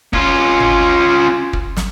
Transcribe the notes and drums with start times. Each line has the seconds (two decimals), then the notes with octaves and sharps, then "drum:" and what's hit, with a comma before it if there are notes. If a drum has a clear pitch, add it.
0.13 C#4 F4, drum: kick
0.60 drum: tom G1
1.53 drum: kick
1.77 drum: snare